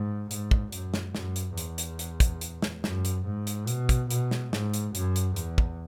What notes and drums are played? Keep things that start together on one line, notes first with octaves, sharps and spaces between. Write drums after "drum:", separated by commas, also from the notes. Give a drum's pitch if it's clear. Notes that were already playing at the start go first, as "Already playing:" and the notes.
Already playing: G#2
G#2, drum: hi-hat
drum: kick
F#2, drum: hi-hat
drum: snare
F#2, drum: snare
drum: hi-hat
E2, drum: hi-hat
drum: hi-hat
drum: hi-hat
drum: kick, hi-hat
drum: hi-hat
drum: snare
F#2, drum: snare
drum: hi-hat
G#2
drum: hi-hat
B2, drum: hi-hat
drum: kick, hi-hat
B2, drum: hi-hat
drum: snare
G#2, drum: snare
drum: hi-hat
F#2, drum: hi-hat
drum: hi-hat
E2, drum: hi-hat
drum: kick